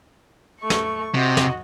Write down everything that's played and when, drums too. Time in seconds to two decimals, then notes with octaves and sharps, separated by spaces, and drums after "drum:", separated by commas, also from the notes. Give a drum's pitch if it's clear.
0.60 A3 C#6
0.70 drum: snare
1.15 C3 F#4 D#5
1.37 drum: snare